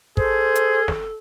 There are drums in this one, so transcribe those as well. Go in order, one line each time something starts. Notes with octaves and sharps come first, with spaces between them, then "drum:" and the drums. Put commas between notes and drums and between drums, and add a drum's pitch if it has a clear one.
G#4 A4 C5, drum: kick
drum: hi-hat
drum: snare